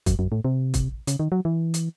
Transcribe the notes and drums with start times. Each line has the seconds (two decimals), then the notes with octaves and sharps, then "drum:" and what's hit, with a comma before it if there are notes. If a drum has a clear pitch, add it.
0.06 F#2, drum: kick, hi-hat
0.19 F#2
0.32 A2
0.45 C3
0.74 drum: kick, hi-hat
1.07 C#3, drum: hi-hat
1.19 D#3
1.32 F#3
1.45 E3
1.74 drum: hi-hat